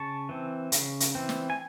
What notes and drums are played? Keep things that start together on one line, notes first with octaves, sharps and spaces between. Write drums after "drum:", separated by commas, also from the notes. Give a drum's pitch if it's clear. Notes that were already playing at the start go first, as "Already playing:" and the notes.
Already playing: C#3 A5 C#6
E3 C4
C#3, drum: hi-hat
drum: hi-hat
E3 C4
drum: snare
G#5